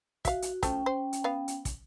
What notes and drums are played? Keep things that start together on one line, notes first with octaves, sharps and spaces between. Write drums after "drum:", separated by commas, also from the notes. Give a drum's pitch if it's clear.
F#4 E5 F5, drum: kick, hi-hat
drum: hi-hat
F3 A3 C#4 G5, drum: kick, hi-hat
C5
drum: hi-hat
B3 F5
drum: hi-hat
drum: kick, hi-hat